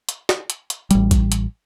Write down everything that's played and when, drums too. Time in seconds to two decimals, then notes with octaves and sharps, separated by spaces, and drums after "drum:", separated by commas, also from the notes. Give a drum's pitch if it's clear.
0.09 drum: hi-hat
0.29 drum: snare
0.50 drum: hi-hat
0.70 drum: hi-hat
0.91 A1 G3, drum: hi-hat
1.11 drum: kick, hi-hat
1.32 drum: hi-hat